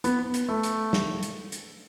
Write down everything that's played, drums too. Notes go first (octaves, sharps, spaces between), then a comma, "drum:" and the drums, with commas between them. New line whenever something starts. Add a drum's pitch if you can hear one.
B3, drum: hi-hat
drum: hi-hat
A3
drum: hi-hat
drum: snare
drum: hi-hat
drum: hi-hat